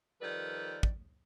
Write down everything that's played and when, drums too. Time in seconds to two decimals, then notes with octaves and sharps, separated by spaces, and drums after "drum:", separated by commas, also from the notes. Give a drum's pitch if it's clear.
0.21 D#3 F3 G3 A4 B4 D5
0.83 drum: kick